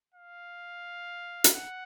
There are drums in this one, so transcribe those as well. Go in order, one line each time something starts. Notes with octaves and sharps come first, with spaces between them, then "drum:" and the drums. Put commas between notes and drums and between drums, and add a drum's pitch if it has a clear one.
F5
drum: hi-hat
F#5